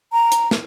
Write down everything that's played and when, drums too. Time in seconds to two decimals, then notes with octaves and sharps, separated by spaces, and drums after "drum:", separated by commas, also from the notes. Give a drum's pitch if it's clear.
0.13 A#5
0.32 drum: hi-hat
0.51 drum: snare